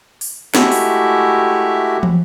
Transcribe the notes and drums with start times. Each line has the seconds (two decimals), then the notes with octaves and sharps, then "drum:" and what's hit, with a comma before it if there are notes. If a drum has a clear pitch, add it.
0.21 drum: open hi-hat
0.55 G#3 A3 E4 F#4 G4 E5, drum: snare
0.72 drum: open hi-hat
2.03 drum: tom